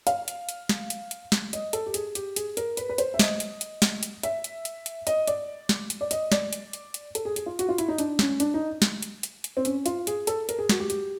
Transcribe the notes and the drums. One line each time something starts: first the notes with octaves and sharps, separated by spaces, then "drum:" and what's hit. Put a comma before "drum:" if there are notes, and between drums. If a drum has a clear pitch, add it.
F5, drum: hi-hat
drum: hi-hat
drum: hi-hat
drum: snare
drum: hi-hat
drum: hi-hat
drum: snare
D#5, drum: hi-hat
A4, drum: hi-hat
G4
G#4, drum: hi-hat
G4, drum: hi-hat
G#4, drum: hi-hat
A#4, drum: hi-hat
B4, drum: hi-hat
B4
C5, drum: hi-hat
E5
D#5, drum: snare
drum: hi-hat
drum: hi-hat
drum: snare
drum: hi-hat
E5, drum: hi-hat
drum: hi-hat
drum: hi-hat
drum: hi-hat
D#5, drum: hi-hat
D5, drum: hi-hat
drum: snare
drum: hi-hat
D5
D#5, drum: hi-hat
D5, drum: snare
drum: hi-hat
drum: hi-hat
drum: hi-hat
A4, drum: hi-hat
G#4
G#4, drum: hi-hat
F4
F#4, drum: hi-hat
F4
E4, drum: hi-hat
D#4
D4, drum: hi-hat
C#4, drum: snare
D4, drum: hi-hat
D#4
drum: snare
drum: hi-hat
drum: hi-hat
drum: hi-hat
C4
C#4, drum: hi-hat
F4, drum: hi-hat
G#4, drum: hi-hat
A4, drum: hi-hat
A#4, drum: hi-hat
G#4
F#4, drum: snare
G4
G4, drum: hi-hat